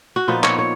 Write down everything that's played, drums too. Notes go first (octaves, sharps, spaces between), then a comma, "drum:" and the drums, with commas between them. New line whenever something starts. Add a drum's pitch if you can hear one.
F#4
A#2 F3 B3 D#4 F4
C#5, drum: clap
C#5